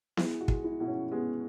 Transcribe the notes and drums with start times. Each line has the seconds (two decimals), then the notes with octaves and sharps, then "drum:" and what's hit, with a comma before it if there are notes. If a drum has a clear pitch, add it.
0.17 G#3 E4, drum: snare B3
0.41 F#4
0.48 G#3, drum: kick
0.64 E4
0.80 B2 E4
0.88 C#4
1.11 G#3 B3